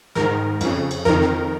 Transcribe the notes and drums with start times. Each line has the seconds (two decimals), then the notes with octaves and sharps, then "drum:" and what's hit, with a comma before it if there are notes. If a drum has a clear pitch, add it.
0.15 G#2 D#3 A#4, drum: snare
0.61 F2 C#3, drum: cymbal
0.91 drum: cymbal
1.05 F2 D#3 A#4
1.21 drum: snare